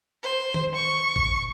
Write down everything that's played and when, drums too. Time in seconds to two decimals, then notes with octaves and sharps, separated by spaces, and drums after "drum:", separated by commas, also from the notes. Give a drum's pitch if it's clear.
0.23 C5
0.54 drum: tom D#3
0.75 C#6
1.16 drum: kick G#1